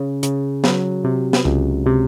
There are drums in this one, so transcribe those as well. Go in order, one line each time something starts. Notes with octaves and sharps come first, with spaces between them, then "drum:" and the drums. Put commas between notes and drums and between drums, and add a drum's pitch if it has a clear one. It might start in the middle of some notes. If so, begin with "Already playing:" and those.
Already playing: C#3
C#3, drum: hi-hat
F#3, drum: snare
C3
drum: snare
C#2
C3